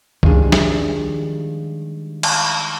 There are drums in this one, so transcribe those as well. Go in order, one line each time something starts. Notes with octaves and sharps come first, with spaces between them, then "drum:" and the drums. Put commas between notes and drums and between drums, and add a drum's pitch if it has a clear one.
D#3 F3 G3 G#3 D4, drum: kick C#2
drum: snare
drum: cymbal